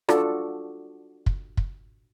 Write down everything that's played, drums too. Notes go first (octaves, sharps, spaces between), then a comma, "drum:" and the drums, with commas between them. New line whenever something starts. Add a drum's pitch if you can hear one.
D4 F4 F#4 A4 D5, drum: rim click
drum: kick
drum: kick